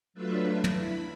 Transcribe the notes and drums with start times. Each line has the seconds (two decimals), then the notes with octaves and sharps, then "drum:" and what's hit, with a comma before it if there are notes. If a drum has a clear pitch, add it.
0.14 F#3 A3 D4 F4 B4 E5
0.64 drum: tom
0.74 E4 B5